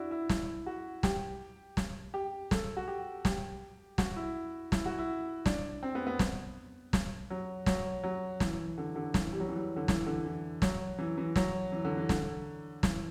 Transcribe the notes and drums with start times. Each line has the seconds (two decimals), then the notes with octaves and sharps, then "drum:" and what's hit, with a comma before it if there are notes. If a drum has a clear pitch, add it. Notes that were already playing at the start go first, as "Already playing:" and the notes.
Already playing: D4 E4 F#4
0.11 E4
0.29 drum: snare
0.66 F#4
1.03 G4, drum: snare
1.77 drum: snare
2.14 G4
2.51 A4, drum: snare
2.77 F#4
2.88 G4
3.25 G4, drum: snare
3.98 F#4, drum: snare
4.16 E4
4.72 E4, drum: snare
4.86 F#4
4.99 E4
5.46 D4, drum: snare
5.83 C4
5.95 B3
6.07 B3
6.19 drum: snare
6.93 drum: snare
7.30 F#3
7.66 F#3, drum: snare
8.04 F#3
8.40 E3, drum: snare
8.78 D3
8.96 D3
9.14 E3, drum: snare
9.33 G3
9.40 F#3
9.48 E3
9.56 F#3
9.76 D3
9.88 E3, drum: snare
10.06 D3
10.25 E3
10.62 F#3, drum: snare
10.99 E3
11.18 E3
11.36 F#3, drum: snare
11.72 E3
11.85 D3
11.97 E3
12.09 D3, drum: snare
12.83 E3, drum: snare